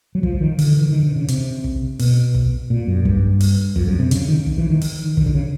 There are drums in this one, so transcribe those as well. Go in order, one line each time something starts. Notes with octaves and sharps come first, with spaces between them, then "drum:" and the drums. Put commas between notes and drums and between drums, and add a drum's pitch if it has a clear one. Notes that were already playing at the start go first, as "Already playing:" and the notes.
F#3
F3, drum: kick
D#3
D3, drum: open hi-hat
E3
D#3
D3
C#3
C3, drum: hi-hat
drum: kick
B2, drum: open hi-hat
drum: kick
A#2
F#2
G2, drum: kick
drum: open hi-hat
F2, drum: kick
F#2
C3
C#3, drum: hi-hat
D#3
drum: kick
E3
D#3
drum: open hi-hat
D#3, drum: kick
D3
C#3